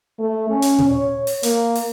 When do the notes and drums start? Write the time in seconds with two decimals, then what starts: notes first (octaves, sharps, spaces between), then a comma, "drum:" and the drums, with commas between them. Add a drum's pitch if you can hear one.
0.19 A3
0.49 C#4
0.62 drum: hi-hat
0.78 drum: tom A#2
0.89 C#5
1.27 drum: open hi-hat
1.43 A#3, drum: hi-hat
1.75 drum: open hi-hat